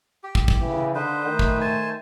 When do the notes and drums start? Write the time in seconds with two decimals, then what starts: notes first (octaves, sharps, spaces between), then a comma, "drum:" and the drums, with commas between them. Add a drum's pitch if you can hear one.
0.24 G4
0.35 drum: kick
0.48 drum: kick
0.61 C#3 E3
0.95 D3 D#4 B4 C5
1.26 D#3 A3
1.39 drum: kick
1.61 C5 G#5 A5